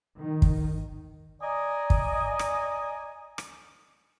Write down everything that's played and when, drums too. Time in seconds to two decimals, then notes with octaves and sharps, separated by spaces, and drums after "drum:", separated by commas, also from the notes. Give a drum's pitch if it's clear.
0.17 D#3
0.42 drum: kick
1.42 D5 D#5 G#5 A#5 D#6
1.90 drum: kick
2.39 drum: rim click
3.38 drum: rim click